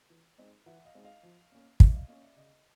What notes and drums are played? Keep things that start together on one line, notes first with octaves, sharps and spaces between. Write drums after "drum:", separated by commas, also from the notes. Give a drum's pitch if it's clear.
E3
G#3 C4 D#4
E3 E5 F#5
D#5 F5
G#3 C4 D#4
D#5 F5
F3
A#3 C#4
F3 D5 E5, drum: kick
D#5 F5
A#3 C#4 D#5 F5
D5 E5
C#3 D#5